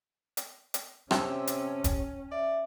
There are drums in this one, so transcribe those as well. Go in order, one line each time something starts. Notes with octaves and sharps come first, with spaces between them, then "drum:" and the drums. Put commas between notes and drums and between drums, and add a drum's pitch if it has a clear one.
drum: hi-hat
drum: hi-hat
C3 C#4 G5 A5 E6, drum: rim click
drum: hi-hat
drum: kick, hi-hat
D5 E5